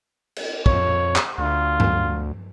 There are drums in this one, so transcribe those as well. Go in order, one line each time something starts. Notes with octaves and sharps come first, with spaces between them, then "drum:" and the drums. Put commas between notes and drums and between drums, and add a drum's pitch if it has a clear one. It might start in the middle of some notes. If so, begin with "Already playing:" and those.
drum: cymbal
F2 C#5, drum: kick
drum: clap
D2 F4
drum: tom G2